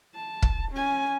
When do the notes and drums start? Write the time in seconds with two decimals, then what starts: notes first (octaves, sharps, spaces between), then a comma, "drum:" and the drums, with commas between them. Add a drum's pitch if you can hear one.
0.15 A5
0.42 drum: kick
0.72 C#4 G#5